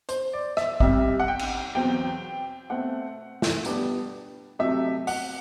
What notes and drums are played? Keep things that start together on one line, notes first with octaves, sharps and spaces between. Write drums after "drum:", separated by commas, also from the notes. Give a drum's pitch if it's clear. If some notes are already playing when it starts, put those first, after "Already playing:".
C5, drum: hi-hat
D5
E5, drum: rim click
C2 C3 G3 E5, drum: kick A1
F#5
G5
drum: cymbal
E2 B2 F#3 C4 G5
B2 A3 C4 F#5
drum: snare
B2 G3 B3 D4, drum: hi-hat
C3 F#3 A3 E5
F#5, drum: open hi-hat